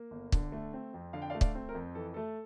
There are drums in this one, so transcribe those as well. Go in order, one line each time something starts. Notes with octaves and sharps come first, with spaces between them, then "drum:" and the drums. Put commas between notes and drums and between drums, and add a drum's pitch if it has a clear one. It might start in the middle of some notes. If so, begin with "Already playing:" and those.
Already playing: A#3
G1
D3, drum: kick
A3
C4
F2
D3 F5
G5
D5 F5
A3
D5 F5, drum: kick
C4
A#4
F2
E3 A4
A3 A4